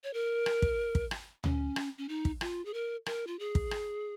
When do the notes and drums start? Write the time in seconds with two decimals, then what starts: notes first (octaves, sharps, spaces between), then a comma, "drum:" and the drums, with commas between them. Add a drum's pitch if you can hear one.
0.04 C#5
0.14 A#4
0.46 drum: rim click
0.62 drum: kick
0.95 drum: kick
1.11 drum: rim click
1.44 C#4, drum: tom D2
1.76 drum: rim click
1.98 C#4
2.09 D#4
2.25 drum: kick
2.41 F4, drum: rim click
2.65 G#4
2.74 A#4
3.06 A#4, drum: rim click
3.27 F4
3.39 G#4
3.55 drum: kick
3.71 drum: rim click